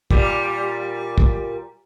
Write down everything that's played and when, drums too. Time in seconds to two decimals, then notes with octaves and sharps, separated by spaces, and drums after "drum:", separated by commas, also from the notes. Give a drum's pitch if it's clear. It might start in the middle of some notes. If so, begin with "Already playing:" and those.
0.11 A#2 G3, drum: kick
1.18 drum: kick